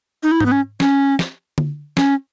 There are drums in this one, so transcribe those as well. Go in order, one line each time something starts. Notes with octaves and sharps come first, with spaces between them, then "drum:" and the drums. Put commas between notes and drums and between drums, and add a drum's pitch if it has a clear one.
D#4
E4
D#4, drum: tom G#2
B3
C#4
C#4, drum: snare
drum: snare
drum: tom D3
C#4, drum: snare